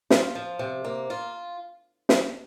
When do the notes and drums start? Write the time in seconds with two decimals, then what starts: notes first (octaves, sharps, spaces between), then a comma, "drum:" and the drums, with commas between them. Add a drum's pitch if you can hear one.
0.10 F4, drum: snare
0.35 F3
0.59 C3
0.85 A#3
1.10 F4
2.09 drum: snare